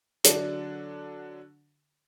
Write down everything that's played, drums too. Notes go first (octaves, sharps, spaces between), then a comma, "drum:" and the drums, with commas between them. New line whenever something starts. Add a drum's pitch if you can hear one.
D3 F#3 D4, drum: hi-hat